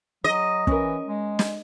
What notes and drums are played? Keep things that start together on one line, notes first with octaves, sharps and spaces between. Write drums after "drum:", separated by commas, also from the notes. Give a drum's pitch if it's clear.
F#3 D#5
E3 C#4 A#4, drum: kick
G#3
drum: snare